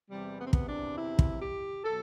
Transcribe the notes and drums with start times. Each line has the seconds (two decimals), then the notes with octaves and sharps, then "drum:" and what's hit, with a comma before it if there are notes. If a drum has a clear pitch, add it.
0.10 E2 C3 E3 G3
0.39 B3
0.46 C4
0.53 B3, drum: kick
0.67 D4
0.97 E4
1.19 drum: kick
1.40 G4
1.84 B2 F#3 A4